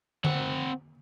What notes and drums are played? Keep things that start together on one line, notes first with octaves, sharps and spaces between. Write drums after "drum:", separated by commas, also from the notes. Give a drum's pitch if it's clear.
C4 F#5, drum: tom D3